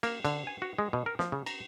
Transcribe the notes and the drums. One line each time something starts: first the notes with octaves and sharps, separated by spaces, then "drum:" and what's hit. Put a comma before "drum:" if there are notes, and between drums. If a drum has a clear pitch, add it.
A#3, drum: cymbal
D3, drum: cymbal
G#5
F#4
G#3
B2
A#4
F3, drum: snare
C#3
A#5, drum: cymbal